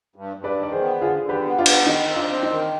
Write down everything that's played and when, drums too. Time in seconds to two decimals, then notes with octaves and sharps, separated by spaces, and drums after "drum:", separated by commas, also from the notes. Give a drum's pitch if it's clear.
0.16 G2
0.37 G2
0.44 B4 D5
0.58 D#3
0.63 D5
0.72 G#4 C5
0.80 B3
1.01 D3 F4 G#4
1.22 D3
1.29 G4 B4
1.44 B3
1.58 D4 F4
1.66 B3, drum: cymbal
1.86 D#3 D#4
2.08 C4
2.15 D4 F4
2.30 C4
2.43 D#4
2.51 D#3